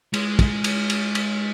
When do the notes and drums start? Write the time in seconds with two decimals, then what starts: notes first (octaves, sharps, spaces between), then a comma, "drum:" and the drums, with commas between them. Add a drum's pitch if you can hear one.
0.14 G#3, drum: cymbal
0.39 drum: kick, cymbal
0.64 drum: cymbal
0.90 drum: cymbal
1.15 drum: cymbal